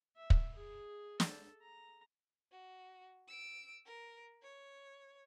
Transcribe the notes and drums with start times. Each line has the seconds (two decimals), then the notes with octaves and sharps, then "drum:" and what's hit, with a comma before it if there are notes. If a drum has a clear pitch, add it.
0.17 E5
0.30 drum: kick
0.55 G#4
1.20 A4, drum: snare
1.62 A#5
2.52 F#4
3.28 E6 D7
3.86 A#4
4.42 C#5